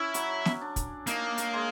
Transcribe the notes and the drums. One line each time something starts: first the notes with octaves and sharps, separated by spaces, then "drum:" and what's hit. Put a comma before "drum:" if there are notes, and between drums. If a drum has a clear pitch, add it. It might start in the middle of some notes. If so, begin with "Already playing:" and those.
Already playing: C#4 E4
F#3, drum: hi-hat
drum: snare
D4
drum: kick, hi-hat
A#3 D#4, drum: hi-hat
drum: hi-hat
G#3